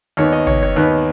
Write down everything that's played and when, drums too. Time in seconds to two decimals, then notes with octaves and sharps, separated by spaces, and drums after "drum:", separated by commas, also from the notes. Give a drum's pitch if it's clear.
0.17 D#2 D#3 B3 C#5
0.33 D#5
0.47 C#5, drum: tom
0.63 C#5
0.76 D#2 D#3 B3 B4